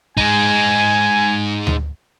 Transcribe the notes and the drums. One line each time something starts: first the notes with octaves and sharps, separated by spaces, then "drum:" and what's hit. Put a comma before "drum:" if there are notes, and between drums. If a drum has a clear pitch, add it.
G#3 D#4 G#5, drum: kick
drum: tom D2